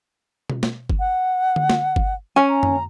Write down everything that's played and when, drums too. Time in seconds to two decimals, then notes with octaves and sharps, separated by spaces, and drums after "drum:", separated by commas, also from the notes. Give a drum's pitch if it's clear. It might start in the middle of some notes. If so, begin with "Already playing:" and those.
0.50 drum: tom B2
0.63 drum: snare
0.90 drum: kick G1
1.00 F#5
1.56 drum: tom D3
1.70 drum: snare
1.96 drum: kick G1
2.36 C#4 G#5
2.49 A#5
2.63 drum: tom F#2